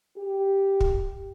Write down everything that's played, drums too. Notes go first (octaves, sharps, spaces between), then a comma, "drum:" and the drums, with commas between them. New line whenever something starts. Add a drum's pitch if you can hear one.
G4
drum: kick